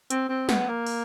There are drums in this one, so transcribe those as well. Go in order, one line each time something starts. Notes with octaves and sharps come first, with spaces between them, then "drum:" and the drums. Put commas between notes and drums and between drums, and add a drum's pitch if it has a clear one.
C4, drum: hi-hat
C4
B3, drum: snare
A#3
drum: open hi-hat